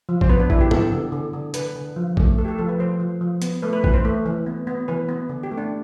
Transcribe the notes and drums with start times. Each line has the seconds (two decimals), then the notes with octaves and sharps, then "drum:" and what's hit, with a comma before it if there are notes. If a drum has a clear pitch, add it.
0.09 F3
0.21 C5, drum: kick A#1
0.29 B3 B4
0.40 D4
0.50 D3 E4, drum: kick A#1
0.61 G4
0.71 B3 A4, drum: tom G#2
0.92 D3
1.12 D3
1.33 D3
1.54 D3 B4, drum: hi-hat
1.76 D3
1.96 F3
2.17 A3, drum: kick A#1
2.38 A3 A4
2.45 G4
2.48 A4
2.58 F3 A4
2.69 B4
2.79 F3 C5
3.00 F3
3.21 F3
3.42 B3, drum: hi-hat
3.62 A3 B4
3.73 B4
3.84 E3 B4, drum: kick A#1
3.94 C5
4.05 A3
4.26 E3
4.46 B3
4.67 B3
4.88 E3 B4
5.09 B3
5.29 D3
5.43 G4
5.51 A3
5.57 D4